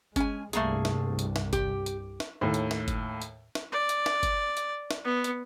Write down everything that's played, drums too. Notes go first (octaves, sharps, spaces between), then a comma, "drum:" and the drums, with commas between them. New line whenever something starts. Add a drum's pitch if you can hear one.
G#3 C#4 G#5, drum: kick G1, hi-hat
C2 G2 A3 A#3 G#4, drum: hi-hat
drum: snare
drum: hi-hat
drum: snare
G4, drum: kick G1, hi-hat
drum: hi-hat
drum: snare
D#2 A2
drum: hi-hat
drum: snare
drum: kick G1, hi-hat
drum: hi-hat
drum: snare
D5
drum: hi-hat
drum: snare
drum: kick G1, hi-hat
drum: hi-hat
drum: snare
B3
drum: hi-hat